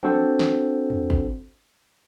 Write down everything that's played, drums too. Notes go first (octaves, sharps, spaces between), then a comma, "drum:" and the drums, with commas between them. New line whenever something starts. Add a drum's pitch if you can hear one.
C4 D4 F#4 A4 C5, drum: tom
drum: snare
drum: tom
drum: kick